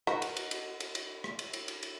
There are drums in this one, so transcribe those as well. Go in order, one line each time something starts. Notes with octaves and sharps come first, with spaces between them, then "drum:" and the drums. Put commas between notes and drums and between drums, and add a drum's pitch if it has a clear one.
D#4 F#4 A#4 B4, drum: rim click
drum: cymbal
drum: cymbal
drum: cymbal
drum: cymbal
drum: cymbal
drum: rim click
drum: cymbal
drum: cymbal
drum: cymbal
drum: cymbal